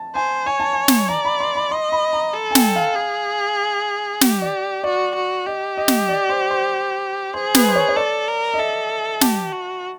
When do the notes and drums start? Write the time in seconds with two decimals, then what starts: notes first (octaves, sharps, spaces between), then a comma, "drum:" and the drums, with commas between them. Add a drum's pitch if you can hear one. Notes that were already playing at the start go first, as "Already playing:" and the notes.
Already playing: A5
0.15 C5 G#5
0.46 C#5 G#5
0.60 A5
0.73 G#5
0.88 drum: snare
1.09 D5 A#5
1.25 B5
1.40 C6
1.55 B5
1.71 D#5 C6
1.92 B5
2.13 A#5
2.34 A4
2.51 G#5
2.55 G5, drum: snare
2.76 F5
2.96 G#4
4.21 G4, drum: snare
4.42 D5
4.84 F#4 D5
5.15 F#4
5.47 G4 D#5
5.77 D#5
5.88 drum: snare
6.09 D5
6.29 C5
6.51 C5
7.34 G#4 C5
7.55 B4, drum: snare
7.69 C5
7.75 C#5
7.89 C#5
7.96 A4 D5
8.28 A#4
8.54 D#5
8.59 A4 E5
9.21 G4 A5, drum: snare
9.52 F#4